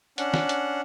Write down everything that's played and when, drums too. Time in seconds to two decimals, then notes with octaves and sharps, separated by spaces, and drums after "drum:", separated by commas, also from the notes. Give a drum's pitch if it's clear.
0.18 C#4 D4 F#5, drum: hi-hat
0.34 drum: snare
0.49 drum: hi-hat